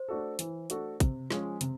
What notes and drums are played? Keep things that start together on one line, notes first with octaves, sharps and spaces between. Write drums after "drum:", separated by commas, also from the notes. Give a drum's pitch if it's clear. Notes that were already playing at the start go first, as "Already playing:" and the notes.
Already playing: C5
A3 D4 F#4 A4
E3, drum: hi-hat
A3 D4 F#4 A4, drum: hi-hat
C3, drum: kick, hi-hat
F3 G#3 C#4, drum: snare
C3, drum: hi-hat